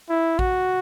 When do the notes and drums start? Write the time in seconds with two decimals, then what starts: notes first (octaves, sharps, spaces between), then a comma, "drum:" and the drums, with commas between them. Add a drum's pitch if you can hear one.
0.09 E4
0.39 F#4, drum: kick A1